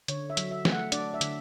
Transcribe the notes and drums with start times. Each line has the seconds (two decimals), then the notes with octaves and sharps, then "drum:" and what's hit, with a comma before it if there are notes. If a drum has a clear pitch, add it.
0.08 D3 C#5, drum: hi-hat
0.30 E5
0.37 F#3, drum: hi-hat
0.51 E5
0.65 A3, drum: snare
0.72 F#5
0.92 D4 D5, drum: hi-hat
1.14 E5
1.21 D3, drum: hi-hat